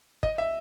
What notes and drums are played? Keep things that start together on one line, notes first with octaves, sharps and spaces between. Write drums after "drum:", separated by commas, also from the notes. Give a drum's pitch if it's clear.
D#5, drum: kick
E5